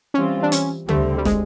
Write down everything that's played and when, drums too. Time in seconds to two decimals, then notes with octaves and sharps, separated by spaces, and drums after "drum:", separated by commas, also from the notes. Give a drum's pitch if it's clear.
0.14 E3 G3 C4 C#4 F4
0.43 D4
0.52 C#4, drum: hi-hat
0.89 D2 D3 G3 A3 C4, drum: tom C#3
1.18 G3
1.25 G#3, drum: snare